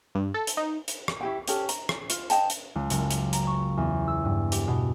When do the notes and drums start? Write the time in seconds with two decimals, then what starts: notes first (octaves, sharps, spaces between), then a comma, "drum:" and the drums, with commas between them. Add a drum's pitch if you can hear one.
0.15 G2
0.34 A4
0.47 drum: hi-hat
0.57 D#4
0.88 drum: hi-hat
1.08 drum: rim click
1.21 E4 G4 G5
1.48 C#4 G4 A4, drum: hi-hat
1.69 A#5, drum: hi-hat
1.89 drum: rim click
2.10 F4, drum: hi-hat
2.30 D#5 G5 A5, drum: hi-hat
2.50 drum: hi-hat
2.75 C#2
2.90 F#1, drum: hi-hat
3.11 drum: hi-hat
3.33 A#5, drum: hi-hat
3.47 C#6
3.77 E2
4.08 E6
4.25 G2
4.52 G4, drum: hi-hat
4.68 B2